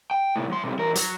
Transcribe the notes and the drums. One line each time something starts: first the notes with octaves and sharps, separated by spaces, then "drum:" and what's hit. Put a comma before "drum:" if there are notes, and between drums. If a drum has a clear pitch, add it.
G5
A2 C3
F#3 C6
B1 C3
E2 A#4
F#3, drum: hi-hat